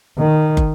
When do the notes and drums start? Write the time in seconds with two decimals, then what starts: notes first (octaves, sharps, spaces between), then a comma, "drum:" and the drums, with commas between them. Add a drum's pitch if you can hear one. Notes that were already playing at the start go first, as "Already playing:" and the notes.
0.18 D#3
0.57 drum: kick